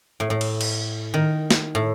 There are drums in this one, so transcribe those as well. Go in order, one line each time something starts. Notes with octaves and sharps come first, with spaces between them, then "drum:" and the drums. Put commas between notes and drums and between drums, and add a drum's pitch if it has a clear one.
A2
A2
drum: cymbal
drum: cymbal
D#3
drum: snare
A2